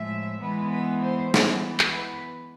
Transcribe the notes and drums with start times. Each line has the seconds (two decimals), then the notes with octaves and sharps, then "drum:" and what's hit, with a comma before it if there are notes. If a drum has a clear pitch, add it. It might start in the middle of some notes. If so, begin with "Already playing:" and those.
Already playing: A2 F3 G#3 E5
0.41 E3 G#3 B3 B4
0.71 B4
1.03 C5
1.34 E3 G#3 B3, drum: snare
1.79 drum: clap
1.96 B4